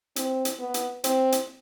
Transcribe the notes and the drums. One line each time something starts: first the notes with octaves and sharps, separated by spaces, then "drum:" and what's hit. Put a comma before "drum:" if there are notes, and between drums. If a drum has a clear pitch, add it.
C4, drum: hi-hat
drum: hi-hat
B3
drum: hi-hat
C4, drum: hi-hat
drum: hi-hat